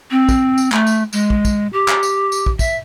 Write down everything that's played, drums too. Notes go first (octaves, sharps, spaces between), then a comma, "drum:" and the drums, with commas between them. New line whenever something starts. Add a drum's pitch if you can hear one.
C4
drum: kick, tambourine
drum: tambourine
A3, drum: clap
drum: tambourine
G#3, drum: tambourine
drum: kick
drum: kick, tambourine
G4
drum: clap
drum: tambourine
drum: tambourine
drum: kick
E5, drum: kick, tambourine